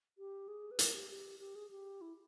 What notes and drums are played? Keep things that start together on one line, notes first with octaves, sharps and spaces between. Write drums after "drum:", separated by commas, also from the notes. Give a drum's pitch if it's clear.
G4
G#4
B4
A#4, drum: hi-hat
G4
G4
G4
G#4
G4
E4